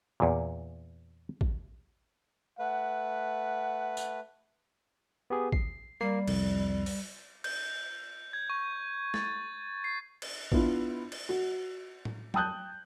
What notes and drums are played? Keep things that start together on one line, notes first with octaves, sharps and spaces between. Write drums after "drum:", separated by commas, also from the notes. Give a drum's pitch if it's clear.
E2 A#2
drum: kick A1
A3 B4 F#5
drum: tambourine
B3 G4 G#4
C7, drum: kick A1
G3 A#3 C7
C2 F2, drum: cymbal
drum: open hi-hat
G6, drum: cymbal
G#6
C#6
A6, drum: snare
C7
drum: cymbal
B3 D4 E4 F4, drum: kick A1
drum: cymbal
F#4
drum: tom A2
G5 A5 D#6 F#6 G6, drum: tom F#3